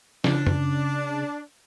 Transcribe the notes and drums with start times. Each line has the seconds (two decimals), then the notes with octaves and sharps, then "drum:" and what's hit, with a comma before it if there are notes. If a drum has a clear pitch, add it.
0.24 C#3 D4, drum: snare
0.47 drum: tom F#2